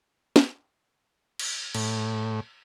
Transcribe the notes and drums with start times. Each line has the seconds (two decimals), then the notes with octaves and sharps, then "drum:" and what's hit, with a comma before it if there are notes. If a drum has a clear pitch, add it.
0.36 drum: snare
1.39 drum: cymbal
1.74 A2, drum: cymbal